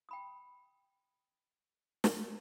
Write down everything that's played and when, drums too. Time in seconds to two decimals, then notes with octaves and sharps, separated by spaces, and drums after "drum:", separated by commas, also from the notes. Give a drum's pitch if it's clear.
0.09 G5 B5 D#6
2.04 drum: snare